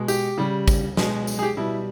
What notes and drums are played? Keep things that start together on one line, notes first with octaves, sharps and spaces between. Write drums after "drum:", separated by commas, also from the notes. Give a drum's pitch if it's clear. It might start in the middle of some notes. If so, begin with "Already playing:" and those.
Already playing: B2 G#3
G4, drum: tambourine
C#3 G3
drum: kick, tambourine
B2 G#3, drum: snare
drum: tambourine
G#4
G4
B2 G3 E4